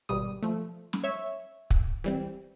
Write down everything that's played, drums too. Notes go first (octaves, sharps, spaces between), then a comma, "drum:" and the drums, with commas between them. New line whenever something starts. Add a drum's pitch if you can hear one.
G#1 B2 G3 D#6
F3 A3
drum: snare
C#5 E5
drum: kick
E3 G3 C4